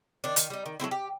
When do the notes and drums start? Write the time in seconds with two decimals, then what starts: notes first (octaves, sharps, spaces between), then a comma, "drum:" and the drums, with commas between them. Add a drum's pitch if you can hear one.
0.24 D#3 D4
0.36 D#3, drum: hi-hat
0.50 G3 D#4
0.66 D#3
0.80 F#3 A3 C4 E4
0.91 G4